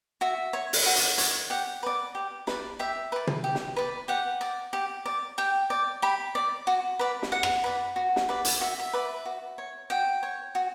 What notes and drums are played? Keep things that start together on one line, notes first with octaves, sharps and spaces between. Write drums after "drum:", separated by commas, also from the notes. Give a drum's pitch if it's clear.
F#4 E5
C#5
drum: open hi-hat
F#4
drum: hi-hat
C#5, drum: hi-hat
G4 F#5
B4 D5
G4
B4 D5, drum: snare
G4 E5
B4 D5
drum: tom
G4
drum: snare
B4 D5
G4 F#5
D5
G4
D5
G4 G5
D5
G4 B5
D5
F#4
B4 D5
drum: snare
F#4 F#5
drum: rim click
B4 D5
F#4
drum: snare
B4 D5
drum: hi-hat
F#4 E5
E5
B4 D5
F#4
C#5
F#4 G5
C#5
F#4